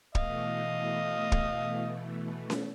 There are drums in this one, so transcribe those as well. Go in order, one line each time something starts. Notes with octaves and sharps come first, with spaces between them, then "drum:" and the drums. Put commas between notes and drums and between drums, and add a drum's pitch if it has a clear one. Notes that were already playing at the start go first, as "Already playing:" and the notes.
B2 E3 A3 D#5 F5, drum: kick
drum: kick
drum: snare C#4